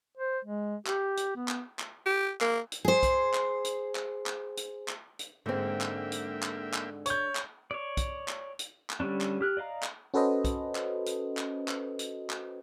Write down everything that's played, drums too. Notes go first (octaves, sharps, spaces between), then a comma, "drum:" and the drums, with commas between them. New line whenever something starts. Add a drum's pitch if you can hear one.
C5
G#3
G4, drum: clap
drum: hi-hat
B3
drum: clap
drum: clap
G4
A#3, drum: clap
drum: hi-hat
G#4 C5
drum: kick B1, hi-hat
drum: clap
drum: hi-hat
drum: clap
drum: clap
drum: hi-hat
drum: clap
drum: hi-hat
G#2 D3 G#3 A#3 C4 E5 G5
drum: clap
drum: hi-hat
drum: clap
drum: clap
C#5 G6, drum: hi-hat
drum: clap
C#5 D5
drum: kick B1, hi-hat
drum: clap
drum: hi-hat
drum: clap
D3 G3 C#4 D4
drum: clap
G4 F6 F#6
D5 D#5 F5 A#5
drum: clap
C#4 F#4 A4 B4 C5 D#5
drum: kick B1, hi-hat
drum: clap
drum: hi-hat
drum: clap
drum: clap
drum: hi-hat
drum: clap